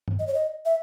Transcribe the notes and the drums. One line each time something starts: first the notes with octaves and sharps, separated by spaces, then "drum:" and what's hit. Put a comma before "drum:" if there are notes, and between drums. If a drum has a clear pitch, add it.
drum: tom
D#5
C#5
D#5
E5